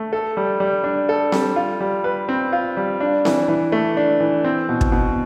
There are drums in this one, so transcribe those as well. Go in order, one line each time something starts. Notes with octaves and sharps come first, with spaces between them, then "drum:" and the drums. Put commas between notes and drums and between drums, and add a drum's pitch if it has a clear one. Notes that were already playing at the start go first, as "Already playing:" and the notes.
Already playing: A3
A4
G3
G3
D4
A4
G3, drum: snare C4
F4
G3
B4
C4
F4
G3
D4
E3, drum: snare C4
E3
A3
D4
E3
C4
B2
drum: kick
B2